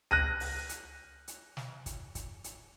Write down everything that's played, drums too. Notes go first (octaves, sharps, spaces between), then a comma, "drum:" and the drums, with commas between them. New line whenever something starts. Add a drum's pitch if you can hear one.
F#6 A#6 D#7, drum: tom C#2
drum: open hi-hat
drum: hi-hat
drum: hi-hat
drum: snare
drum: kick, hi-hat
drum: kick, hi-hat
drum: hi-hat